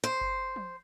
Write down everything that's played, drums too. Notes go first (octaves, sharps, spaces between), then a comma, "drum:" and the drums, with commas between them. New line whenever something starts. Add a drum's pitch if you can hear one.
C5
drum: kick F#1
drum: tom F3